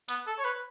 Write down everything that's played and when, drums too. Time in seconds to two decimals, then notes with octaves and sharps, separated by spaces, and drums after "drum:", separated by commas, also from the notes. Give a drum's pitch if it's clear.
0.09 B3, drum: hi-hat
0.27 A4
0.38 C#5
0.45 B4